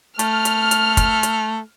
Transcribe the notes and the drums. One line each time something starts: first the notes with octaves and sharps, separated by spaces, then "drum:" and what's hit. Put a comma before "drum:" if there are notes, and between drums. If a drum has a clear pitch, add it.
A3 F6, drum: hi-hat
drum: hi-hat
drum: hi-hat
drum: kick, hi-hat
drum: hi-hat